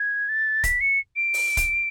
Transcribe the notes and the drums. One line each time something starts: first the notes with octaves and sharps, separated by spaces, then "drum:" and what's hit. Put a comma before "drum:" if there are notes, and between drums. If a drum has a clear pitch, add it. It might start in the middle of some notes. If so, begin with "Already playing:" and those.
Already playing: G#6
A6
B6, drum: kick, hi-hat
C#7
D7
drum: open hi-hat
drum: kick, hi-hat